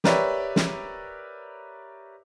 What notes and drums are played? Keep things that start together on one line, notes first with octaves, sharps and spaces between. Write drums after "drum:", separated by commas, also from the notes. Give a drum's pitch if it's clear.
G4 A#4 B4 C#5 D5 E5, drum: snare
drum: snare